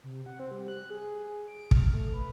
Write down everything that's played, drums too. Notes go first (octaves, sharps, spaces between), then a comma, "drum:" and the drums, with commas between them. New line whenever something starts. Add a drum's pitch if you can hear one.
C3
F#5
C4
G3
F#6
G#4
D7
F6, drum: kick
A3
B4